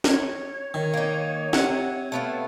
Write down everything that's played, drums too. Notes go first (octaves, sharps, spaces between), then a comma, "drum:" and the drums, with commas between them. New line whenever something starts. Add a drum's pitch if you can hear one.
C#5, drum: snare
D#3
A#3 D#4
C3 F#5, drum: snare
A3 B3 F4